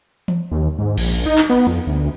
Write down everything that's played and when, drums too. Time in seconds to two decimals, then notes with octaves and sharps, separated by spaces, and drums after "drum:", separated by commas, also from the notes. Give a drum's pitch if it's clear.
0.28 drum: tom E3
0.51 D#2
0.79 G#2
0.97 A#1, drum: cymbal
1.26 D#4
1.38 drum: clap
1.50 B3
1.67 F2
1.87 D2